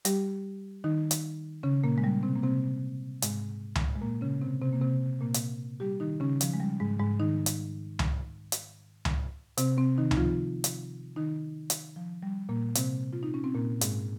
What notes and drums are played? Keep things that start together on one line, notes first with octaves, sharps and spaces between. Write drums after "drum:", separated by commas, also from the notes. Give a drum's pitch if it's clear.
G3 G4, drum: hi-hat
D#3 D#4
drum: hi-hat
C#3 C#4
A#2 A#3
G#3
G3
C3 C4
A#3
C3 C4
G#2 G#3, drum: hi-hat
drum: tom C#2
G#3
A#2 A#3
C#3 C#4
C3 C4
C3 C4
A#3
C3 C4
A#2 A#3
drum: hi-hat
G3 G4
D#3 D#4
C#3 C#4
F3, drum: hi-hat
G#3
G3
G#2 G#3
G#2 G#3
D#3 D#4
drum: hi-hat
drum: tom C#2
drum: hi-hat
drum: tom C#2
C3 C4, drum: hi-hat
C3 C4
D#3 D#4
D#4, drum: tom C#2
F3 F4
drum: hi-hat
D#3 D#4
drum: hi-hat
F3
G3
A#2 A#3
C3 C4, drum: hi-hat
F4
D#4
C#4
C4
A#2 A#3
G#2 G#3, drum: hi-hat